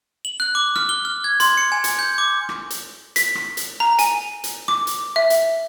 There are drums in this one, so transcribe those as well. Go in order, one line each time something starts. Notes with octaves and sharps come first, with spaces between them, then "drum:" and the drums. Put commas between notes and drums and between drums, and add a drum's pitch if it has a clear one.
F#7
F#6
D6
F6, drum: rim click
G7
F6
G#6
C6, drum: hi-hat
C#7
G#5
drum: hi-hat
G6
D6
drum: rim click
drum: hi-hat
B6, drum: hi-hat
drum: rim click
drum: hi-hat
A#5
G#5, drum: hi-hat
drum: hi-hat
D6, drum: rim click
drum: hi-hat
E5
drum: hi-hat